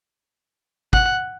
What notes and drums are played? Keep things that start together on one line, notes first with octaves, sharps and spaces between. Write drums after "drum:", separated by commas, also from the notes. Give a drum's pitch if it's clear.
F#5, drum: kick